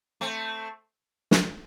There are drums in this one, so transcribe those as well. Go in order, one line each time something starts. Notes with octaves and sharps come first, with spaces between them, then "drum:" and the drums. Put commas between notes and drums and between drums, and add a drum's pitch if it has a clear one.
A3 C4
drum: snare